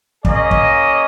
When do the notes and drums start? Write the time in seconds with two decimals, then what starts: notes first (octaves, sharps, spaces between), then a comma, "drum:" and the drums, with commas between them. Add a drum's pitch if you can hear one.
0.25 A#3 C#4 G#4 D#5, drum: kick
0.51 drum: kick